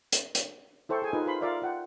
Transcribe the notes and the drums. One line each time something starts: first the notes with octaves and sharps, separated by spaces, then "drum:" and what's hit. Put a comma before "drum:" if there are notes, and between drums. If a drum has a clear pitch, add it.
drum: hi-hat
drum: hi-hat
E4 A4 C5 G5 C#6
G#4 G#5
D#4 F4 A#4 B4 D#5
F4 A#4 C5 B5 C6
F4 A#4 D5 E5 F5
F4 F#5 G5